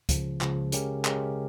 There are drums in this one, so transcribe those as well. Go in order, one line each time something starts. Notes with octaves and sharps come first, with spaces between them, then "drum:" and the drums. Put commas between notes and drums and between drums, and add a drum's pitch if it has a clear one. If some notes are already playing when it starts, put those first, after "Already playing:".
C#2 C#3 F3, drum: kick, hi-hat
C#2 C#3 F3, drum: clap
C#3 G#3 C#4 G4 A#4, drum: hi-hat
C#3 G#3 C#4 G4 A#4, drum: clap